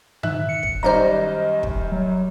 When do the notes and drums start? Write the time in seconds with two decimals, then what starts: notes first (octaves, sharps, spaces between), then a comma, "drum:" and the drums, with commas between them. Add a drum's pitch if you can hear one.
0.23 G#2 E5 F#6, drum: tom
0.49 C#7
0.63 drum: kick
0.83 F#2 D#3 G3 C5 D5 D#5 A#5
1.63 drum: kick
1.92 F#3